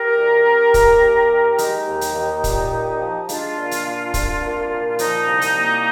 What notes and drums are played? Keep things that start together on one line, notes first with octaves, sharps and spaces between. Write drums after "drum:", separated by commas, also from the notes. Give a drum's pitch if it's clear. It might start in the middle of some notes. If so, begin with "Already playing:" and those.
Already playing: G4 A#4
D2
C4
D#2, drum: kick, hi-hat
D#2
D#3
G#3 D#4 G4, drum: hi-hat
D#2
drum: hi-hat
D#2
A#2, drum: kick, hi-hat
A#2
F3
G#3 D4 F4, drum: hi-hat
A#2
drum: hi-hat
A#2
C2, drum: kick, hi-hat
A#3
A#2
F4
F3 D#4, drum: hi-hat
C2
drum: hi-hat
A#3